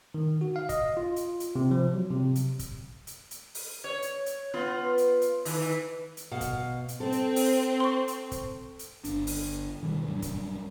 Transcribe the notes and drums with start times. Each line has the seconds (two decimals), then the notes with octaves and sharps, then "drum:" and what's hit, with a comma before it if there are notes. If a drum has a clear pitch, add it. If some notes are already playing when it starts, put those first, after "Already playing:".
0.14 D#3
0.41 F#4
0.56 F5
0.69 D#5, drum: kick, hi-hat
0.97 F4
1.16 drum: hi-hat
1.40 drum: hi-hat
1.56 C3
1.71 F3
1.94 F#3
2.11 C3
2.35 drum: hi-hat
2.59 drum: kick, hi-hat
3.07 drum: hi-hat
3.31 drum: hi-hat
3.55 drum: open hi-hat
3.84 C#5
4.02 drum: hi-hat
4.26 drum: hi-hat
4.54 B3 F4
4.98 drum: hi-hat
5.22 drum: hi-hat
5.45 D#3 E3, drum: open hi-hat
6.17 drum: hi-hat
6.31 B2 F5 F#5
6.41 drum: kick, hi-hat
6.88 drum: hi-hat
7.00 C4 A4
7.12 drum: hi-hat
7.36 drum: open hi-hat
7.80 C6 C#6
8.08 drum: hi-hat
8.31 drum: kick, hi-hat
8.79 drum: hi-hat
9.04 G1 D4, drum: hi-hat
9.27 drum: open hi-hat
9.82 B2 D#3 E3 G3
10.07 G2 F#3
10.22 drum: kick, hi-hat